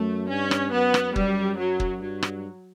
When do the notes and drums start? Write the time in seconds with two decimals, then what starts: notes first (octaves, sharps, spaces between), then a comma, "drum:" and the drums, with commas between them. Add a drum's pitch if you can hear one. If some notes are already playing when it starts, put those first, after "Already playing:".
Already playing: F#2 A3
0.29 G2 C#4
0.51 drum: rim click
0.73 F#2 B3
0.94 drum: rim click
1.16 F#2 G3, drum: kick
1.58 F#3
1.80 drum: kick
2.02 G2 F#3
2.23 drum: rim click